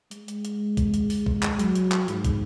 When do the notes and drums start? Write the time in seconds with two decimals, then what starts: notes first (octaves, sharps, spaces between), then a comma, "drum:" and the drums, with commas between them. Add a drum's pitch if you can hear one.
0.11 G#3, drum: hi-hat
0.28 drum: hi-hat
0.45 drum: hi-hat
0.77 drum: kick, hi-hat
0.94 drum: hi-hat
1.10 drum: open hi-hat
1.26 drum: kick
1.43 drum: clap
1.59 F#3, drum: hi-hat
1.75 drum: hi-hat
1.92 drum: clap
2.08 G#2, drum: hi-hat
2.25 drum: kick, hi-hat